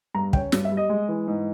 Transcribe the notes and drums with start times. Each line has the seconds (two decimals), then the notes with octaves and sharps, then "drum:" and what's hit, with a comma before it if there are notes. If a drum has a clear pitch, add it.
0.14 G2 A#5
0.33 C#4 G5, drum: kick
0.52 G2, drum: snare
0.65 E5
0.72 G3
0.77 D#5
0.90 G#3
1.09 E3
1.27 G#2